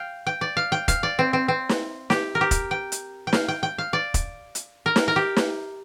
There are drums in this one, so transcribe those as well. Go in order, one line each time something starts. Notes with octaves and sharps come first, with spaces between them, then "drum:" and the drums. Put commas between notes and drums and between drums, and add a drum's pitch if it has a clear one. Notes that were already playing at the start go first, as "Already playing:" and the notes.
Already playing: F5 G5
G5
D5
F5
G5
F5, drum: kick, hi-hat
D5
C4
C4
C4
drum: snare
G4, drum: snare
A#4
G4
drum: kick, hi-hat
G5
drum: hi-hat
G5
F5, drum: snare
G5
G5
F5
D5
drum: kick, hi-hat
drum: hi-hat
A#4
drum: snare
A#4
G4
drum: snare